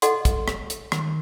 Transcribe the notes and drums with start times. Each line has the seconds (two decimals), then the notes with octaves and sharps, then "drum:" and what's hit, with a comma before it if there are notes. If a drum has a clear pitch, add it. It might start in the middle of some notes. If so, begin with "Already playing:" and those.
0.02 A4 D#5 F#5 C6, drum: hi-hat
0.25 drum: kick, hi-hat
0.48 drum: rim click
0.70 drum: hi-hat
0.92 D#3, drum: rim click